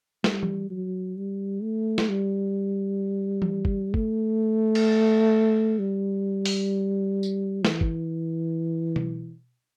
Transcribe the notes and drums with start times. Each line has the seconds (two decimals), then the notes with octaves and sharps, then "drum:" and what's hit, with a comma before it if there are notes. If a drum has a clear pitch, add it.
0.24 G3, drum: snare
0.43 drum: tom E3
0.70 F#3
1.17 G3
1.63 A3
1.98 drum: snare
2.09 G3
3.42 drum: tom E3
3.65 drum: kick
3.94 A3, drum: kick
4.75 drum: cymbal
5.79 G3
6.45 drum: open hi-hat
7.23 drum: tambourine
7.65 E3, drum: snare
7.81 drum: kick
8.96 drum: tom B2